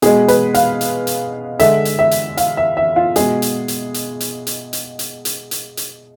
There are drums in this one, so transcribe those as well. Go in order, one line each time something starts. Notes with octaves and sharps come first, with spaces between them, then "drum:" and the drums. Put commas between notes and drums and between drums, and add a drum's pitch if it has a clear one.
B2 G#3 G#4, drum: hi-hat
B4, drum: hi-hat
F5, drum: hi-hat
drum: hi-hat
drum: hi-hat
D3 G#3 E5, drum: hi-hat
drum: hi-hat
E5
drum: hi-hat
F5, drum: hi-hat
E5
E5
F4
B2 G#3 G#4, drum: hi-hat
drum: hi-hat
drum: hi-hat
drum: hi-hat
drum: hi-hat
drum: hi-hat
drum: hi-hat
drum: hi-hat
drum: hi-hat
drum: hi-hat
drum: hi-hat